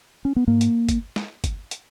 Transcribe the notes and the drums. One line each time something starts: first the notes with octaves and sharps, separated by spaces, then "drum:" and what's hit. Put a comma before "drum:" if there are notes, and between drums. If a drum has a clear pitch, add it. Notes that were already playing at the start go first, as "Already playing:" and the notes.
C#4
B3
G#2 A#3
drum: hi-hat
drum: kick G1, hi-hat
drum: snare
drum: kick G1, hi-hat
drum: hi-hat